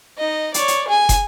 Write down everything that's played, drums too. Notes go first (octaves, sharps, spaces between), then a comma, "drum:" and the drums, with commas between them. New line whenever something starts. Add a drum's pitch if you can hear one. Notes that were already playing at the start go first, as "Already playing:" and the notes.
D#4 D#5
C#5 D5, drum: hi-hat
drum: hi-hat
G#4 G#5
drum: kick, hi-hat